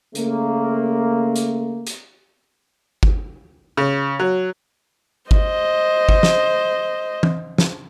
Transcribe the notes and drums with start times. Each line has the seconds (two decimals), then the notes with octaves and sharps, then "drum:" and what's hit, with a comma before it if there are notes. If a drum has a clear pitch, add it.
0.15 C#3 A3 A#3, drum: hi-hat
1.36 drum: hi-hat
1.87 drum: hi-hat
3.03 drum: kick G1
3.77 C#3
4.19 F#3
5.31 C5 D#5, drum: kick G1
6.09 drum: kick G1
6.23 drum: snare
7.23 drum: tom
7.58 drum: snare